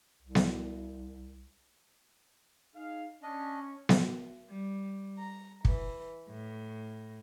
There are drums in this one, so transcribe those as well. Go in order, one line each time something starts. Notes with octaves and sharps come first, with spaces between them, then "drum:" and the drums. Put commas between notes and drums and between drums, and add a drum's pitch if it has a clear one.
C2
drum: snare B3
D#4 G#4 F5
C#4 D4 D#5
drum: snare B3
G3
A#5
E3, drum: kick
A2